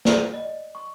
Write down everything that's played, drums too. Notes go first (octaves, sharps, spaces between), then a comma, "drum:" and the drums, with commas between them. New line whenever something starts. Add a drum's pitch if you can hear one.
D5, drum: snare
D#5
C#6